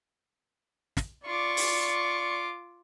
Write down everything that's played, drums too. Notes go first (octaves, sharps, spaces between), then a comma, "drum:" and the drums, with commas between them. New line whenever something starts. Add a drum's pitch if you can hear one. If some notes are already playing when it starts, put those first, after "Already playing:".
drum: snare
F4 D5 C#6 D6
drum: open hi-hat